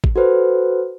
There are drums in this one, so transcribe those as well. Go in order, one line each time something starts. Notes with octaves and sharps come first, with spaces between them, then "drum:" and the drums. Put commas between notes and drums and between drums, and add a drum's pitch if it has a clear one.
drum: kick G#1
F#4 A4 B4 C5